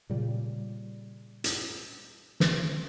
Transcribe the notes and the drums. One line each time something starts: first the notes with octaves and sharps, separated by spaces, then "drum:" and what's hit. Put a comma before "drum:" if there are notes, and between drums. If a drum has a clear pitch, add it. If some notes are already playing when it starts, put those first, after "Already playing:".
A#2 C#3 G3
drum: hi-hat
drum: snare